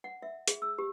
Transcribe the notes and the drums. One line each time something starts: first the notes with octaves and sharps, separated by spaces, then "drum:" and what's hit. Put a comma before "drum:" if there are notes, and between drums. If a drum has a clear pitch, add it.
F#5
E5
G#4, drum: hi-hat
E6
G4